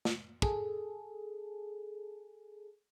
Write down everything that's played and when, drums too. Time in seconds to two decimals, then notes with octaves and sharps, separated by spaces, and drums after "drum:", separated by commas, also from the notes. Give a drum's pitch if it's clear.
0.05 drum: snare
0.42 G#4 A4, drum: kick